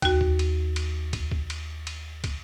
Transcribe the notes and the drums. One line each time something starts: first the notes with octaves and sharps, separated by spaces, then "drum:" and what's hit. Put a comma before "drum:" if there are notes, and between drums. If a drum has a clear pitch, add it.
D#2 F#4, drum: kick, cymbal
drum: kick
drum: cymbal
drum: cymbal
drum: kick, cymbal
drum: kick
drum: cymbal
drum: cymbal
drum: kick, cymbal